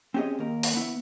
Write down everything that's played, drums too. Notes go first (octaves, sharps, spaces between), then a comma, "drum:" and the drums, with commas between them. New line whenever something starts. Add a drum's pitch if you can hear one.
C4 C#4 G4 G#4 D#5
D#2 A#4
drum: open hi-hat
B3 E4